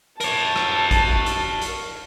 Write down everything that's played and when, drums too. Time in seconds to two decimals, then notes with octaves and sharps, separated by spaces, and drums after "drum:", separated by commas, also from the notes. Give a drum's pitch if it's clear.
0.20 A#4 C#5 A5, drum: hi-hat
0.56 drum: rim click
0.91 drum: kick A1, hi-hat
1.26 drum: hi-hat
1.62 drum: hi-hat